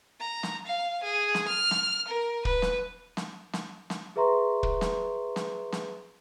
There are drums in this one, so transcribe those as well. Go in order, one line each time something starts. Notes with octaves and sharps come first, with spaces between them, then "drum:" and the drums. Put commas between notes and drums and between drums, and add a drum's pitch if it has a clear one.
A#5
drum: snare
F5
G#4
drum: snare
F6
drum: snare
A#4
B4, drum: kick
drum: snare
drum: snare
drum: snare
drum: snare
G#4 B4 E5 A#5 C6 C#6
drum: kick
drum: snare
drum: snare
drum: snare